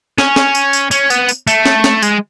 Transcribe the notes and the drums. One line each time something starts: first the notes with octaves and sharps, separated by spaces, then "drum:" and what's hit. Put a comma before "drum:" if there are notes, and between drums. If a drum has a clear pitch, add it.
C#4, drum: snare
drum: snare
drum: tambourine
drum: tambourine
C#4, drum: tambourine
B3, drum: tambourine
drum: tambourine
A3, drum: tambourine
drum: snare
drum: snare
G#3, drum: tambourine